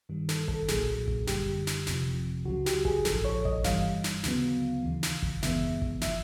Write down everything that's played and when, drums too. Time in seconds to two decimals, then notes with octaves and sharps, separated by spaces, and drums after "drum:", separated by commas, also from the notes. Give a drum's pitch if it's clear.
0.09 G2 D#3 G3
0.29 A4, drum: snare
0.48 A4, drum: kick G1
0.68 B1 A#2 F#3 A#3 G#4, drum: snare
1.08 drum: kick G1
1.27 F#2 D3 G3 G4, drum: snare
1.67 drum: snare
1.87 G1 F2 C3 F3, drum: snare
2.45 C#2 C#3 F#3 F#4
2.66 G4, drum: snare
2.85 G#4, drum: kick G1
3.05 A#1 G#2 F3 A4, drum: snare
3.25 C#5
3.45 D#5, drum: kick G1
3.64 G2 E3 G3 F5, drum: snare
4.04 drum: snare
4.23 D2 C#3 F#3 B3, drum: snare
4.83 D#2 C#3 E3
5.03 drum: snare
5.23 drum: kick G1
5.43 F#2 C#3 E3 G#3 B3 E5, drum: snare
5.82 drum: kick G1
6.01 F3 E5, drum: snare